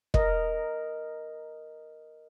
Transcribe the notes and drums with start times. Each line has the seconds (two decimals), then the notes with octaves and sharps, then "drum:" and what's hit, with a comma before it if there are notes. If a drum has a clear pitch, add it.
0.14 A#4 D#5, drum: kick